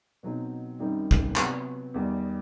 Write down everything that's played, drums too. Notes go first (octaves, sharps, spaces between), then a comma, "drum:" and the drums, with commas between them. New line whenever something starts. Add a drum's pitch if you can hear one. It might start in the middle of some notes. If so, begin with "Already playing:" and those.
B2 F#3 C4 D#4
F#2 D#3 G3 C4 D#4
drum: kick A1
C3 F#3 B3 E4, drum: clap
E2 D#3 G3 D#4